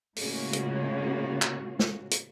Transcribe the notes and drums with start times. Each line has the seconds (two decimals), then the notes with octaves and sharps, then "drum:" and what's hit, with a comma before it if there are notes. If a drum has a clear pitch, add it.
0.16 A2 C#3 G#3 A#3 F4 F#4, drum: open hi-hat
0.53 drum: hi-hat
1.42 drum: clap
1.79 drum: snare
2.11 drum: hi-hat